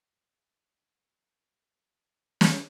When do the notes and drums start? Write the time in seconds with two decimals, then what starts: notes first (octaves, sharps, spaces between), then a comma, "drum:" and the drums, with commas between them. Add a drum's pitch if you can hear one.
0.74 G#3
0.88 C#3 G3 D4
1.11 G#3 D4
1.64 F3
1.92 A#2
2.41 drum: snare